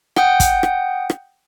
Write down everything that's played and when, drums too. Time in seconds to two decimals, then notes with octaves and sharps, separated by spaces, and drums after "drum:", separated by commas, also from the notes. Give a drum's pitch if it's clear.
0.16 F#5 G5 D#6 G6, drum: rim click
0.40 drum: kick, hi-hat
0.63 drum: rim click
1.10 drum: rim click